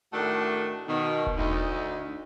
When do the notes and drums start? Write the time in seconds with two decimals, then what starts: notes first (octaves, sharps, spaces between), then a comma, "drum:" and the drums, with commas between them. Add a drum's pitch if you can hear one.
0.13 A2 D#3 A3 D4 F#4 A#4
0.88 B2 D#3
1.27 drum: kick E1
1.37 D2 D#4